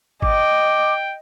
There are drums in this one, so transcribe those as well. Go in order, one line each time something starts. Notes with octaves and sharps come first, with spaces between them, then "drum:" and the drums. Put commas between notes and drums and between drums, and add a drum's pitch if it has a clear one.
D#5 G5 D6, drum: kick G#1